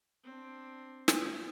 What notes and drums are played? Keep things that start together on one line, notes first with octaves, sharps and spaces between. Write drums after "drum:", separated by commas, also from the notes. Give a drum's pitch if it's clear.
C4 D4
drum: snare